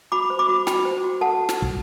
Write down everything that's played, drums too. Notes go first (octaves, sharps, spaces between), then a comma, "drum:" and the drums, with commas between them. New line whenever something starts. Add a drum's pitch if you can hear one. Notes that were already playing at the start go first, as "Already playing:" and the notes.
F#4 B5 D6
C5
B5 D6
F#4
F#4 G5 B5, drum: snare
C5
F#4
A4 F#5 A5
drum: snare
drum: kick